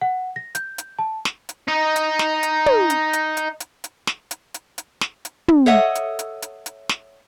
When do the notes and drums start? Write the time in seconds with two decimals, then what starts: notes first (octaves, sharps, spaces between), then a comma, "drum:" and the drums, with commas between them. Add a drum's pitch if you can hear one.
0.01 F#5
0.36 A#6
0.55 G6, drum: hi-hat
0.78 drum: hi-hat
0.99 A5
1.25 drum: snare
1.49 drum: hi-hat
1.68 D#4 D#5
1.96 drum: hi-hat
2.19 drum: snare
2.43 drum: hi-hat
2.66 drum: tom
2.90 drum: hi-hat
3.13 drum: hi-hat
3.37 drum: hi-hat
3.60 drum: hi-hat
3.84 drum: hi-hat
4.07 drum: snare
4.31 drum: hi-hat
4.54 drum: hi-hat
4.78 drum: hi-hat
5.01 drum: snare
5.25 drum: hi-hat
5.48 drum: tom
5.66 A4 C#5 D#5 E5 F#5
5.95 drum: hi-hat
6.19 drum: hi-hat
6.42 drum: hi-hat
6.66 drum: hi-hat
6.89 drum: snare